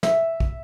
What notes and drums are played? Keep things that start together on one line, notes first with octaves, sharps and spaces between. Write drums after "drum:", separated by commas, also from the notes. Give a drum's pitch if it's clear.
E5, drum: snare
drum: kick